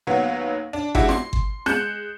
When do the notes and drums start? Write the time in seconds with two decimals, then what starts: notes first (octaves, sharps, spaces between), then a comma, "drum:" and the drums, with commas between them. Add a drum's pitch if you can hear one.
0.07 D#2 F#3 B3
0.73 D4
0.95 G#3 D4 E4 F#4 G4, drum: kick G1
1.09 C6, drum: snare
1.33 drum: kick G1
1.66 G#3 F#6 G6 C#7 E7, drum: snare